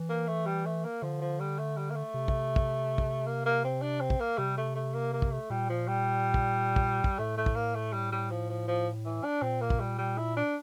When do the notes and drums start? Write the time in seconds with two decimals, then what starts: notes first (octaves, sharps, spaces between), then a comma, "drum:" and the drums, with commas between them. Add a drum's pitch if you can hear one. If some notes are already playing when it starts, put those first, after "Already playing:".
Already playing: E3
0.09 A#3
0.28 A3
0.46 G3
0.65 A3
0.84 A#3
1.02 D3 F3
1.21 F3
1.39 G3
1.58 A3
1.77 G3
1.90 A#3
1.95 A3
2.14 C3
2.28 drum: kick
2.56 drum: kick
2.98 drum: kick
3.26 A#3
3.45 A#3
3.64 C4
3.82 D4
4.01 C4
4.10 drum: kick
4.20 A#3
4.38 C3 G3
4.57 A3
4.75 A3
4.94 A#3
5.13 A#3
5.22 drum: kick
5.32 A3
5.50 A#2 G3
5.69 F3
5.88 G3
6.34 drum: kick
6.76 drum: kick
7.04 drum: kick
7.18 A2 A3
7.37 A3
7.46 drum: kick
7.56 A#3
7.75 A3
7.93 G3
8.12 G3
8.30 F3
8.50 F3
8.67 F3
9.05 E3
9.24 D4
9.42 A#2 C4
9.61 A#3
9.70 drum: kick
9.80 G3
9.98 G3
10.17 E4
10.36 D4